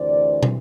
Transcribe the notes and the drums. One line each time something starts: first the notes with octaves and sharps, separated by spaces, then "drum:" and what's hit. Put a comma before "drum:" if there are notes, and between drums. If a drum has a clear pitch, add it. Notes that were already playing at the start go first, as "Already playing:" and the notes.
Already playing: D2 C3 E3 C5 D5
drum: tom